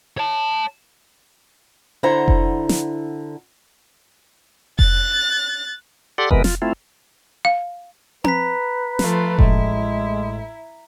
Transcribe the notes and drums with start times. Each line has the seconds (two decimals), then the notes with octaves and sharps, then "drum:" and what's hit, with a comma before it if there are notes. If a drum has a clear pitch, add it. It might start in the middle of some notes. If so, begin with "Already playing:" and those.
0.17 C#5 A5
2.03 D3 E4 C5 F#5 A#5
2.28 drum: kick F1
2.69 drum: snare
4.79 F#6 A6, drum: kick F1
6.18 G4 A4 D5 F#5 C6
6.31 C3 E3 G#3 B3 A#4 B4, drum: kick F1
6.44 F4, drum: snare
6.62 A3 C4 E4 F4
7.45 F5
8.24 B4 A#5 B6, drum: tom C4
8.99 F3 A3 F4, drum: snare
9.39 A1 A2 G#3 E4, drum: kick F1